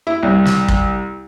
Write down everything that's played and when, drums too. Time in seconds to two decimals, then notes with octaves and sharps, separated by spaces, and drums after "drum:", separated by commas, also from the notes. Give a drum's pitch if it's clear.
0.07 E4
0.23 C2
0.46 drum: snare
0.68 drum: kick